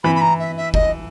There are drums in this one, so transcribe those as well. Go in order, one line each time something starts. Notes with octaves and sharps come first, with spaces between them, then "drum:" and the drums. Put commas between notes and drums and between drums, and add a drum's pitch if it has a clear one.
E3 B5
B5
A#5
E5
E5
D#5, drum: kick F#1